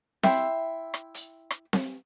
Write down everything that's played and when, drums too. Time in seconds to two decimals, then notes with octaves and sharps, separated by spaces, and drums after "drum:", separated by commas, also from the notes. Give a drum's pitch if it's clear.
0.23 E4 E5 G5 C6, drum: snare C4
0.94 drum: rim click
1.14 drum: hi-hat
1.50 drum: rim click
1.73 drum: snare C4